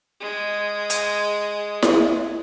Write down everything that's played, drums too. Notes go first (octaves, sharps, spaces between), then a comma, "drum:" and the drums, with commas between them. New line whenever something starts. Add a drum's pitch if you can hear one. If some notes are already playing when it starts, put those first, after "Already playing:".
G#3 D#6
drum: hi-hat
drum: snare E4